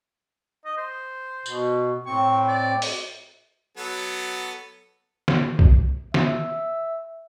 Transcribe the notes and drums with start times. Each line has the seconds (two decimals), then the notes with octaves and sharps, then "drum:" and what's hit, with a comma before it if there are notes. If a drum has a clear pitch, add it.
0.65 D#5
0.77 C5
1.46 B2, drum: tambourine
2.06 A2 C4 C#6
2.48 D5
2.82 drum: open hi-hat
3.77 F#3 B3 A4
5.28 drum: snare
5.59 drum: kick B1
6.14 E5, drum: snare